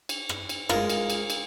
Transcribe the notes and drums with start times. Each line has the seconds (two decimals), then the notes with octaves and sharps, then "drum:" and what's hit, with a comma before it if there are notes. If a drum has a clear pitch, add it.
0.09 drum: cymbal
0.29 drum: rim click
0.49 drum: cymbal
0.69 G#3 F4 A#4, drum: rim click
0.90 drum: cymbal
1.10 drum: cymbal
1.30 drum: cymbal